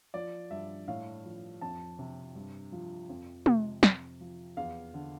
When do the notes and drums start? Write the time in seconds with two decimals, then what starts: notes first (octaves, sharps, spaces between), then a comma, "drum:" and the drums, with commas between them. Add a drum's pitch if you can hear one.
0.14 F3 D5
0.50 G2 E5
0.88 A2 F5
1.25 F3
1.61 F2 A5
1.99 C3
2.35 G2
2.72 F3
3.09 F2
3.46 C3, drum: tom
3.83 F2, drum: snare
4.20 F3
4.57 E2 F5
4.94 D3